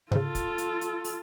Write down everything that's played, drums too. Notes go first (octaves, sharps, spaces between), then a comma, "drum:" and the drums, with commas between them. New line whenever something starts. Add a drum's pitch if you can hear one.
G#2 C#3 F4 A4, drum: tom C#3
drum: kick, hi-hat
drum: hi-hat
drum: hi-hat
drum: open hi-hat